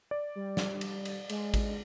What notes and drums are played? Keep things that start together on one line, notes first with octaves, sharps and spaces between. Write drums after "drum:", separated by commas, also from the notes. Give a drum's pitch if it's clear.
D5
G3
drum: snare
drum: cymbal
drum: cymbal
G#3, drum: cymbal
drum: kick A1, cymbal